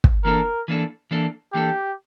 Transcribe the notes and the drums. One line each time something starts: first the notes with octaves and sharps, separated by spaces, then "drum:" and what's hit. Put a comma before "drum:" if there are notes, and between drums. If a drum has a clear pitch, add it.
drum: kick
E3 A#3 D4 A4 A#4
E3 A#3 D4 A4
E3 A#3 D4 A4
E3 A#3 D4 G4 A4